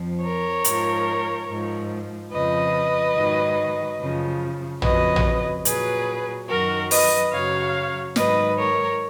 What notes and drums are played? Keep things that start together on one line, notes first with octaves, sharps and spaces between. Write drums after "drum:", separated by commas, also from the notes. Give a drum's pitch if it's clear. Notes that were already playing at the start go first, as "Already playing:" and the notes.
Already playing: F2 F3
A#4 C#5
G#2 F3, drum: hi-hat
G#2 F3
F2 C#3 F3 B4 D#5
G#2 D#3 F#3
F#2 C#3 F3
F2 C#3 F#3 B4 D#5, drum: tom
drum: tom
A#2 F#3 G#4 B4, drum: hi-hat
F#2 D#3 F#3 F#4 A#4
B4 D#5, drum: open hi-hat
F#2 C#3 F#3 C#5 F5
G#2 D#3 F#3 B4 D#5, drum: snare
A#4 C#5